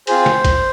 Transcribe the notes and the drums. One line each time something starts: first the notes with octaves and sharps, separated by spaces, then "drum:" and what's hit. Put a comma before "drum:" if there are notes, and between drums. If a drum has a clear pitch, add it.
C4 F4 G#4 C5, drum: cymbal
drum: snare
drum: kick, cymbal